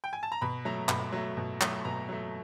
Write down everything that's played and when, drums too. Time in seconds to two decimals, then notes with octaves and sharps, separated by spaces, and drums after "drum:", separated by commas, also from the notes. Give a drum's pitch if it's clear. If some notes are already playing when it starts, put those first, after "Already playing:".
0.04 G5
0.13 G#5
0.23 A5
0.32 A#5
0.41 B2 B5
0.65 F#3 A3 A#5
0.89 B2 B5, drum: clap
1.13 F#3 A3
1.37 B2
1.61 F#3 A3, drum: clap
1.85 B2 A#5
2.09 F#3 A3